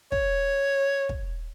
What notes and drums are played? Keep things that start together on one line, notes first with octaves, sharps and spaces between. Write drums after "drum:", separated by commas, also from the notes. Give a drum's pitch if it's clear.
C#5, drum: kick
drum: kick